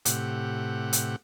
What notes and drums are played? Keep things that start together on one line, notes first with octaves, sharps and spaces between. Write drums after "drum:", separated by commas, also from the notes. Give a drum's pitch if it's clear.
A2 C3 G4 F#5, drum: hi-hat
drum: hi-hat